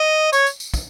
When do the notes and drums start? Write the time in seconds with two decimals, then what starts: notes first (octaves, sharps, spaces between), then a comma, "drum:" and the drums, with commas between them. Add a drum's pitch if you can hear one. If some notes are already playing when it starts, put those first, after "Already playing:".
Already playing: D#5
0.33 C#5, drum: tambourine
0.46 drum: tambourine
0.60 drum: tambourine
0.74 drum: kick, tambourine